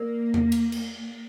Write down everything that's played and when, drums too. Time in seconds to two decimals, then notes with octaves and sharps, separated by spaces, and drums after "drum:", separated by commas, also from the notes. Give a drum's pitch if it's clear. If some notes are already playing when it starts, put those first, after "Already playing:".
Already playing: A#3 A#4 D5
0.34 drum: tom E2
0.52 drum: cymbal
0.72 drum: cymbal